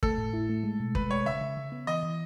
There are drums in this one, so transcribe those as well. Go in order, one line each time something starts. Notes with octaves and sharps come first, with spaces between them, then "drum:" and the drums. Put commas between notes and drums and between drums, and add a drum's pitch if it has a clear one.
A3 A4, drum: kick
A2
E4
A3
G#3
B2
B2 B4, drum: kick
G#3 C#5
C#3 E5
C#3
C#3
B3
E3 D#5
E3